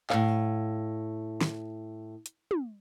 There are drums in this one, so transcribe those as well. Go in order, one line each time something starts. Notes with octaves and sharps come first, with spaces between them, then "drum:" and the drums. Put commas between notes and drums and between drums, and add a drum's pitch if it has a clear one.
A2 F5, drum: clap
drum: snare
drum: hi-hat
drum: tom